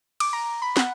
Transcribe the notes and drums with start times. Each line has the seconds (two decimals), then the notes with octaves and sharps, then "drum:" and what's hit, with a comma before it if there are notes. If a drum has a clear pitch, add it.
0.20 D6, drum: cymbal
0.33 A#5
0.62 B5
0.77 F#5, drum: snare